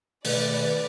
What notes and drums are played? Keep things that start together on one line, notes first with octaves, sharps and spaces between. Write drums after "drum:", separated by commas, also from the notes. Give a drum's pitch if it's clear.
B2 D#3 A3 B4 D5, drum: open hi-hat